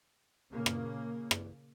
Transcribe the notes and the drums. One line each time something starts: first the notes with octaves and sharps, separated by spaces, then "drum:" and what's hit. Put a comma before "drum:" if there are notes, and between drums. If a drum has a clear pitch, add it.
A#2 C#3 A#3
drum: rim click
drum: rim click